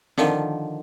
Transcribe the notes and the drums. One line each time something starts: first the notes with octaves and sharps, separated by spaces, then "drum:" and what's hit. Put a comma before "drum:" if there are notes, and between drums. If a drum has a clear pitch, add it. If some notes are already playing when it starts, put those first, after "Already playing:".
D3 D#3 F3, drum: snare C4